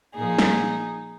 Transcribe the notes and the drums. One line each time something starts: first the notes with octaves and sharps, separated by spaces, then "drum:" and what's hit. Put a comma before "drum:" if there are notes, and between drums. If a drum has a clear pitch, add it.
A#2 F3 A#3 D#4 G#4
drum: snare